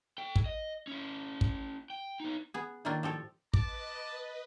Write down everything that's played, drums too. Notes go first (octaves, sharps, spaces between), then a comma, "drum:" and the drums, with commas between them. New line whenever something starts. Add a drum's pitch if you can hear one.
A4 G5
drum: kick
D#5
C#4 E4
drum: kick
G5
B3 D#4
B3 G#4
A2 D#3 A3 A#3 D4 F4
F3 G4 A4 C#5
B4 D#5 A5 D6, drum: kick